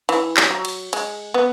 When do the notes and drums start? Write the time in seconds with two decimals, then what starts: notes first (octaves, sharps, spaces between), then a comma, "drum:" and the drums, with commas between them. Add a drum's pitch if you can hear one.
0.09 E3, drum: cymbal
0.37 drum: clap
0.51 F#3
0.65 drum: cymbal
0.93 G#3, drum: cymbal
1.34 B3